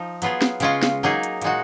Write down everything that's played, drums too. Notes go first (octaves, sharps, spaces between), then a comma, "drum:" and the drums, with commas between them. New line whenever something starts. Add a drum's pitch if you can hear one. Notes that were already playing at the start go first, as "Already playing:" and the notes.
Already playing: F3 D#4
F#3 B3 F4 G#4, drum: hi-hat
drum: snare
C#3 G#3 C#4 F4, drum: hi-hat
drum: snare
F#3 A#3 D#4 G#4
drum: hi-hat
A#2 G#3 D#4 F#4, drum: hi-hat